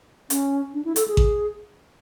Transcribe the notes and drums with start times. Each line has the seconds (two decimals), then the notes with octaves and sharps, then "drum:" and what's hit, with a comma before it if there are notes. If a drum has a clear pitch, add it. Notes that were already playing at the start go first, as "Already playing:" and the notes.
0.30 C#4, drum: hi-hat
0.74 D4
0.85 E4
0.96 A4, drum: hi-hat
1.08 G#4
1.17 drum: kick A1